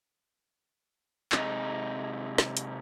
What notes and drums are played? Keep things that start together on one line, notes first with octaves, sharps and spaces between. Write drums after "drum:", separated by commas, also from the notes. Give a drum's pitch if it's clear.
C3 G#3 D#4, drum: clap
drum: snare
drum: hi-hat